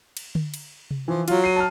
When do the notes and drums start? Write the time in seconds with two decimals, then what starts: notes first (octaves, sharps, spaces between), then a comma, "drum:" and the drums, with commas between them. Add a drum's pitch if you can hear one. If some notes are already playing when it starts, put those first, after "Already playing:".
0.17 drum: cymbal
0.35 drum: tom D3
0.54 drum: cymbal
0.91 drum: tom C3
1.08 E3 F3
1.28 F#3 F4, drum: cymbal
1.44 C7 D#7
1.56 A5 F6